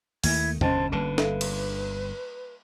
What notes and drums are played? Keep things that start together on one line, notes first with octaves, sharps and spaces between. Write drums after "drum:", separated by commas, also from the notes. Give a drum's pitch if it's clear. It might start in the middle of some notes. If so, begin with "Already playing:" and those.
D#2 D#3 A3 A#3 E4 G#6, drum: open hi-hat
G1 A#2 C#4 C5 D#5 G5 A5, drum: tom
G1 D3 G3 A#3 B4 A5
A4 E5 F5, drum: snare
drum: cymbal